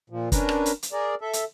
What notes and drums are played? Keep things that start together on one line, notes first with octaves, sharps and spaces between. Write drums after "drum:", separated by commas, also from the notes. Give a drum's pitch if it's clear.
A#2 F3
C#4 D4 A#4 B4, drum: kick, hi-hat
drum: rim click
drum: hi-hat
drum: hi-hat
G#4 A#4 D5
A4 E5
drum: hi-hat